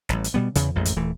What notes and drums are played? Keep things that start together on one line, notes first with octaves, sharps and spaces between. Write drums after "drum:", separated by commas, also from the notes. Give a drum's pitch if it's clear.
A1 G3, drum: snare
drum: hi-hat
B2 G3 B3
E2 C#3, drum: hi-hat
A1 F2 G#2 G#3
drum: hi-hat
D#1 E3 A3